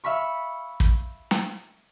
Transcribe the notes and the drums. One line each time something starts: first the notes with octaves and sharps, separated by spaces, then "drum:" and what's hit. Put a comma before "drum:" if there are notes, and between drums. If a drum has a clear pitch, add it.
E5 F5 B5 C#6
drum: kick
drum: snare